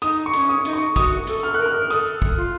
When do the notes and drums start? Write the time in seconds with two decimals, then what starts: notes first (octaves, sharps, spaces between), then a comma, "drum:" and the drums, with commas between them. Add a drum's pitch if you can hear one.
0.02 D#4 D#6, drum: hi-hat
0.26 C#6
0.34 D#4, drum: hi-hat
0.37 C#4
0.49 D#6
0.65 D#4, drum: hi-hat
0.73 C#6
0.96 F#4 D#6, drum: kick, hi-hat
1.27 A4, drum: hi-hat
1.43 F6
1.54 A#4 F#6
1.66 F6
1.90 A4 D#6, drum: hi-hat
2.22 drum: kick
2.37 F4